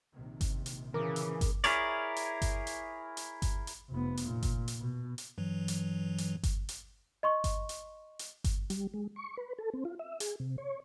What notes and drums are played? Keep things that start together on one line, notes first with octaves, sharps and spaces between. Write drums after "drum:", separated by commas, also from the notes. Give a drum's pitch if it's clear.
A#1 C3 D#3
drum: kick G1, hi-hat
drum: hi-hat
C#3 E3 A#4 D6
drum: hi-hat
drum: kick G1, hi-hat
E4 G#4 A#4 C#5 D5, drum: hi-hat
drum: hi-hat
drum: kick G1, hi-hat
drum: hi-hat
drum: hi-hat
drum: kick G1, hi-hat
drum: hi-hat
F1 B3
drum: hi-hat
A#2
drum: kick G1, hi-hat
drum: hi-hat
B2
drum: hi-hat
G2 E3 F#3
drum: hi-hat
drum: hi-hat
drum: kick G1, hi-hat
drum: hi-hat
D#5 C6 C#6
drum: kick G1, hi-hat
drum: hi-hat
drum: hi-hat
drum: kick G1, hi-hat
G3, drum: hi-hat
G#3
C#6
B4
A4
C4
F4
E5
G#4, drum: hi-hat
C3
C#5